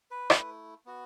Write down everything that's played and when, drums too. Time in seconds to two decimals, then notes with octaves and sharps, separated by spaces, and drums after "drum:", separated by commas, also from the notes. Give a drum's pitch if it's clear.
0.11 B4
0.30 A3 E4, drum: rim click
0.86 B3 F#4